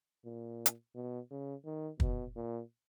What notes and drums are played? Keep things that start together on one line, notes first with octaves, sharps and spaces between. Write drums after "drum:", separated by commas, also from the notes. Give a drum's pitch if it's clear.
A#2
drum: hi-hat
B2
C#3
D#3
B2, drum: kick
A#2